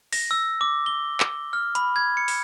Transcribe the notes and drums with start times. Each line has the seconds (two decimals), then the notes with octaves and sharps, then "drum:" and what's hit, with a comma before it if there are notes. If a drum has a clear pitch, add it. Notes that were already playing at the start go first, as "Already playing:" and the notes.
0.13 A#6, drum: open hi-hat
0.31 E6
0.61 D6
0.86 G7
1.20 drum: clap
1.53 F6
1.75 B5, drum: hi-hat
1.96 G#6
2.17 C#7
2.28 drum: open hi-hat